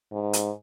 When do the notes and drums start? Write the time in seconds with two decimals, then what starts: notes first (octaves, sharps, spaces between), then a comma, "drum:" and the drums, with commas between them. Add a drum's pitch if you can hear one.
0.12 G#2
0.33 drum: hi-hat